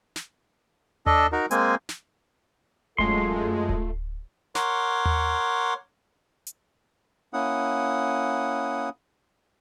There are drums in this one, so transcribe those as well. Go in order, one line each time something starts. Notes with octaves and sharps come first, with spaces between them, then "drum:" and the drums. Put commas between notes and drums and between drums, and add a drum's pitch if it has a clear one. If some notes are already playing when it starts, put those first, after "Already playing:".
drum: snare
D4 A4 D#5, drum: tom D#2
D#4 F#4 A#4
G#3 A#3 C4 G#5, drum: hi-hat
drum: snare
F#2 G#3 A3 F4 A4 C6, drum: kick D1
drum: kick D1
A#4 C#5 F#5 C6 D6, drum: snare
drum: tom D#2
drum: hi-hat
A#3 C#4 E4 F#5 D#6